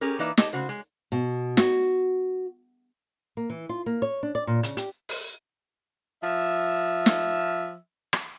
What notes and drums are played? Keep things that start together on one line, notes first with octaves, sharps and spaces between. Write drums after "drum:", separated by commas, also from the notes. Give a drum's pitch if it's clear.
C#4 G4 G#4 A#4
E3 A#3 D#4 B4 D5 E5
G4 D#5 A5, drum: snare
C#3 F#4 C5
G#3
B2
F#4, drum: snare
A#3
E3
F4
A#3
C#5
D4
D5
A#2
C#3, drum: hi-hat
G4, drum: hi-hat
drum: open hi-hat
F3 E5
drum: snare
drum: rim click